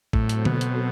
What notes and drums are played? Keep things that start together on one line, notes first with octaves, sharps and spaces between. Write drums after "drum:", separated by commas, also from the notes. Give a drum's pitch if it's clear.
A2 F#3 C4 F#4 A4 C5, drum: kick
drum: hi-hat
B2, drum: tom D3
drum: hi-hat